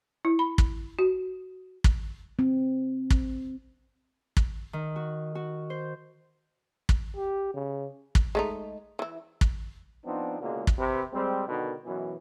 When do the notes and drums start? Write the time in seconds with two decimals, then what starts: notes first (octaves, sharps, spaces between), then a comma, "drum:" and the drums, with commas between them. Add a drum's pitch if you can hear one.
0.25 E4
0.39 B5
0.58 drum: kick
0.99 F#4
1.84 drum: kick
2.39 C4
3.10 drum: kick
4.37 drum: kick
4.73 D#3
4.96 F#4
5.35 F#4
5.70 C5
6.89 drum: kick
7.16 G4
7.54 C#3
8.15 drum: kick
8.35 G#3 A3 D#4
8.99 E3 E4
9.41 drum: kick
10.05 F3 B3 C4 D4 D#4
10.40 C#2 B2 D3 G#3 A#3
10.67 drum: kick
10.78 C3 B4
11.13 G3 G#3 C4
11.47 B2 D3 D#3
11.85 F#2 B2 E3